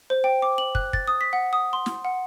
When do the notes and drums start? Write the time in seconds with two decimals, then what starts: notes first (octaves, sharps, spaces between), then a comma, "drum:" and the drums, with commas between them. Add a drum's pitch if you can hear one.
0.10 C5
0.24 G5
0.42 D6
0.58 F#7
0.75 F#6, drum: kick
0.93 A6, drum: kick
1.08 D#6
1.21 B6
1.33 F#5
1.53 D#6
1.73 C6
1.86 drum: snare
2.05 F#5